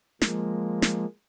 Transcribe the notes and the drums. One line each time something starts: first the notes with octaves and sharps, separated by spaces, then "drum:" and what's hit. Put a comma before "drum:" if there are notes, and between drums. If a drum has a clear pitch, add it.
F3 G#3 A#3, drum: snare
drum: snare